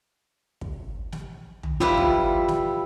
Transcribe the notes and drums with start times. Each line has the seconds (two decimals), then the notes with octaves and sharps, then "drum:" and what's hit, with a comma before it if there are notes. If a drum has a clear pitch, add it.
0.61 drum: kick
1.12 drum: snare
1.63 drum: tom
1.80 G3 E4 F4 B4
1.97 drum: kick
2.48 drum: snare